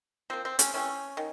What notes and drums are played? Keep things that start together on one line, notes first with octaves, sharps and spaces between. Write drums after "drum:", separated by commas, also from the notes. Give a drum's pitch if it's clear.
F3 A#3 C4
C4
C#4, drum: hi-hat
C3 E3 A3 C4 C#4
D#3